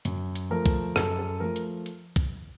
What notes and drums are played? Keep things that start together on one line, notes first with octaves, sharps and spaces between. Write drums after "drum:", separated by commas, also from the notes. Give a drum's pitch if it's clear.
F#2, drum: hi-hat
drum: hi-hat
F3 A3 A#4
drum: kick, hi-hat
F#2 A4, drum: rim click
A4
F3 A3 A#4
drum: hi-hat
drum: hi-hat
drum: kick, hi-hat